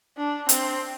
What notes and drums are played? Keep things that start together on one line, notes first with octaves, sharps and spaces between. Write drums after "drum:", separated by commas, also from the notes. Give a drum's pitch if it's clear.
D4
C4, drum: hi-hat